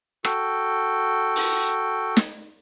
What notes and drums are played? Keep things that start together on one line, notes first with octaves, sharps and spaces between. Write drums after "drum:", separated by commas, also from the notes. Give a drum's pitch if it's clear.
F#4 A4 G5, drum: rim click
drum: open hi-hat
drum: snare